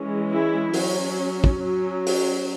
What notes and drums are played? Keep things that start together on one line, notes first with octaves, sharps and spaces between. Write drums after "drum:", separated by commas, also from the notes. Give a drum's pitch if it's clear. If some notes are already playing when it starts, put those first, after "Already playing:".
Already playing: E3 G#3 C#4
E4
F#3 C#4, drum: open hi-hat
drum: kick
F#3 C#4
drum: open hi-hat